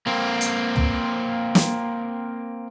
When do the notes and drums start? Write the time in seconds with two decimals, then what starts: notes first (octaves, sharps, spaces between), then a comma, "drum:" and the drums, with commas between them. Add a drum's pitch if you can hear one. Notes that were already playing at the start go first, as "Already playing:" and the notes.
0.07 A#3 C4
0.41 drum: hi-hat
0.76 drum: tom
1.55 drum: snare